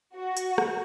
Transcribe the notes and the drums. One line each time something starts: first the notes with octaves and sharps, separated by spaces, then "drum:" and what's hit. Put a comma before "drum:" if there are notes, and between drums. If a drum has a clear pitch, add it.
F#4
drum: hi-hat
drum: rim click